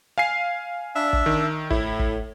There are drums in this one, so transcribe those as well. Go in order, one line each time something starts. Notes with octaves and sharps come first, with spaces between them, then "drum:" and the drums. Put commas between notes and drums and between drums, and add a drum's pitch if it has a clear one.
F5 G#5 C7
D4 E5
drum: kick
D#3
A2 E4, drum: kick
drum: kick